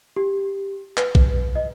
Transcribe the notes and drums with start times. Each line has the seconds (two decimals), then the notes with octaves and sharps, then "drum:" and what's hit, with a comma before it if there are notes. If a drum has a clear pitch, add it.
0.16 G4
0.97 B4, drum: clap
1.15 drum: kick A#1
1.55 D#5